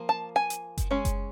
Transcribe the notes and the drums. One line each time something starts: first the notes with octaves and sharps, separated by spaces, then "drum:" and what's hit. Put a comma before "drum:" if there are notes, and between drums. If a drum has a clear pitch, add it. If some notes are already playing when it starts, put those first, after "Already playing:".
Already playing: F3 A#3
A5
G#5
drum: hi-hat
drum: kick F#1, hi-hat
G#3 C#4
drum: kick F#1, hi-hat